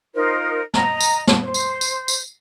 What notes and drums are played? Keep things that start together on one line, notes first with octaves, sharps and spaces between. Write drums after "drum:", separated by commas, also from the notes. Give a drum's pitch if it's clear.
D#4 F4 A#4 C5
D#5 A#5, drum: snare
drum: tambourine
drum: snare
C5
drum: tambourine
drum: tambourine
drum: tambourine